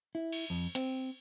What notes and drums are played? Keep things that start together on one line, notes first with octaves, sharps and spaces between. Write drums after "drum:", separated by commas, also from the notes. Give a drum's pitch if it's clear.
E4
drum: cymbal
F2
C4, drum: hi-hat